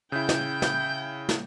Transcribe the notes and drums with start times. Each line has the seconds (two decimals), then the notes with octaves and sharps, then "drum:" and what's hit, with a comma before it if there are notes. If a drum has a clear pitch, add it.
0.12 C#3 E4 G5 G6
0.29 drum: snare
0.62 drum: snare
1.29 drum: snare